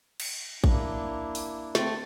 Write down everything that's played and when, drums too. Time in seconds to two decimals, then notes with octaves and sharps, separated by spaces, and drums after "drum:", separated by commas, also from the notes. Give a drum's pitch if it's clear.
0.20 drum: cymbal
0.64 A#3 D4 E4, drum: kick A1
1.35 drum: open hi-hat
1.75 D3 A3 C4, drum: snare